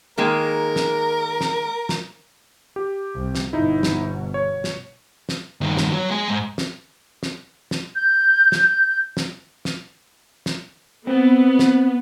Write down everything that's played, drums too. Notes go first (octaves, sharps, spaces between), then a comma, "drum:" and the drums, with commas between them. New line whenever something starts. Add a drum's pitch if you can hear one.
D#3 G#3 A#3 A#4
drum: snare
drum: snare
drum: snare
G4
C2
drum: snare
G1 B2 D#4 E4
drum: snare
C#5
drum: snare
drum: snare
G2 D#3
drum: snare
F#3 F#4
G#3 G#5
G#2
drum: snare
drum: snare
drum: snare
G6
drum: snare
drum: snare
drum: snare
drum: snare
B3 C4
drum: snare